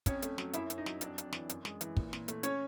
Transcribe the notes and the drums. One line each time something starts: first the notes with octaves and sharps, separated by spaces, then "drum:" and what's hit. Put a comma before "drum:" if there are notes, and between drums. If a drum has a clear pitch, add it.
F2 C#4 C#5, drum: kick, hi-hat
A3, drum: hi-hat
F#3, drum: snare
F#2 E4 E5, drum: hi-hat
F#2, drum: hi-hat
D#4 D#5
F#3, drum: snare
F2 D4 D5, drum: hi-hat
F2, drum: hi-hat
E3, drum: snare
F#2, drum: hi-hat
G#3, drum: snare
E3, drum: hi-hat
A#2, drum: kick
A#2, drum: snare
A3, drum: hi-hat
C#4 C#5, drum: hi-hat